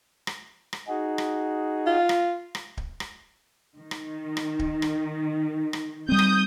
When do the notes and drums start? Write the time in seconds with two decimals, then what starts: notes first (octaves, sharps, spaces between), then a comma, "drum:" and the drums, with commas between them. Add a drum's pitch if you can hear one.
0.27 drum: rim click
0.73 drum: rim click
0.88 D#4 F#4 G#4
1.18 drum: rim click
1.86 F4
2.09 drum: rim click
2.55 drum: rim click
2.77 drum: kick D1
3.00 drum: rim click
3.77 D#3
3.91 drum: rim click
4.37 drum: rim click
4.59 drum: kick D1
4.82 drum: rim click
5.73 drum: rim click
6.09 G3 C4 D#6 G6
6.19 drum: rim click